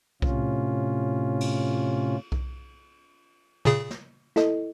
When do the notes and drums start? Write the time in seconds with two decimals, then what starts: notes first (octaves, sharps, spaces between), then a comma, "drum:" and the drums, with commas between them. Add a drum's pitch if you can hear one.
0.22 A2 C3 C#4 F4, drum: kick B1
1.40 drum: cymbal
2.32 drum: kick B1
3.65 A#2 C#3 G#4
3.91 drum: snare
4.36 E4 A4 D#5, drum: snare